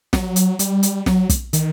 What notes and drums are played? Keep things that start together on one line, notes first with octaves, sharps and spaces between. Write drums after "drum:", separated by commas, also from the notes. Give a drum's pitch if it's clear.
F#3, drum: snare
drum: hi-hat
G3, drum: hi-hat
drum: hi-hat
F#3, drum: snare
drum: kick, hi-hat
D#3, drum: hi-hat